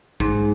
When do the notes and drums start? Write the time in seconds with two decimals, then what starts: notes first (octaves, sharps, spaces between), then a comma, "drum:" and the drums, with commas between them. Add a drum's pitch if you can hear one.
0.20 G#2, drum: kick